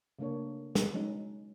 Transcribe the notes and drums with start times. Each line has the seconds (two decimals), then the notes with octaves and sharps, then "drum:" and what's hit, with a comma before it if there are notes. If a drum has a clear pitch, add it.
0.19 C#3 A3 A#3 D4 C#5
0.75 drum: snare
0.94 F#3 G#3 C#4 D#4